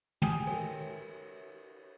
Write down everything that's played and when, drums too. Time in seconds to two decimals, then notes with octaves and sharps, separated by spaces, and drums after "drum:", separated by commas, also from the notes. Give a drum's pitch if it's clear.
0.22 G4 G#4, drum: tom
0.47 drum: cymbal